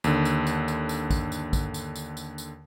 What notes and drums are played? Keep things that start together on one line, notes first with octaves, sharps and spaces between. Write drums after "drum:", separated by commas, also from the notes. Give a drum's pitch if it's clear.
D#2 D3, drum: tambourine
drum: tambourine
drum: tambourine
drum: tambourine
drum: tambourine
drum: kick, tambourine
drum: tambourine
drum: kick, tambourine
drum: tambourine
drum: tambourine
drum: tambourine
drum: tambourine